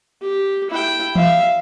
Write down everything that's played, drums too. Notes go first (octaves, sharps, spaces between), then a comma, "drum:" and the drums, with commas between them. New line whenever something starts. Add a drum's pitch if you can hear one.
G4
E4 G5
E5 F5, drum: tom E3